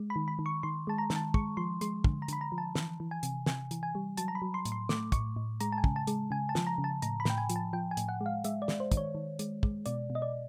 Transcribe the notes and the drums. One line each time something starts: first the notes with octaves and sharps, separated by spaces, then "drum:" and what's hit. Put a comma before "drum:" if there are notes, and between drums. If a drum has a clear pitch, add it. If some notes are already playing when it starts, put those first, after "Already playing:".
Already playing: G#3
B5
D#3
B5
D#3
C#6
D#3 C6
G#3 A5
A#5
D#3, drum: snare
A5
G#3 C#6, drum: kick
F3 C6
G#3 C6, drum: hi-hat
D3, drum: kick
A#5
D3 B5, drum: hi-hat
A#5
F3
A5
E3, drum: snare
E3
G#5
C3, drum: hi-hat
C3 G#5, drum: snare
E3, drum: hi-hat
G#5
G3
F#3 A5, drum: hi-hat
A#5
B5
F#3
C6
A2, drum: hi-hat
C6
A3 D6, drum: snare
A2 C#6, drum: kick, hi-hat
A2
G#3 A#5, drum: hi-hat
A5
G#5
C#3, drum: kick
A5
G#3, drum: hi-hat
C#3 G#5
A5
F3, drum: snare
A#5
C#3
A5
A2 A#5, drum: hi-hat
B5
A2 G5, drum: snare
G#5
F3, drum: hi-hat
A5
F3 G5
G#5
A2, drum: hi-hat
F#5
G#3
F5
G#3 E5, drum: hi-hat
D5
G#3, drum: snare
C5
D#3, drum: kick, hi-hat
C#5
D#3
G#3, drum: hi-hat
G#3, drum: kick
B2 D5, drum: hi-hat
B2
D#5
D5